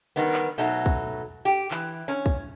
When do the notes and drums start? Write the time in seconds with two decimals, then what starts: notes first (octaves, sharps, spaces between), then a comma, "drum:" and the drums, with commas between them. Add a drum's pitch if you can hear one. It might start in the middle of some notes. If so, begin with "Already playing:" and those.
0.16 D#3 G3 B3
0.33 drum: clap
0.58 B2 F#3 A3 D#4
0.86 drum: kick
1.45 G4
1.71 E3, drum: clap
2.08 C#4
2.26 drum: kick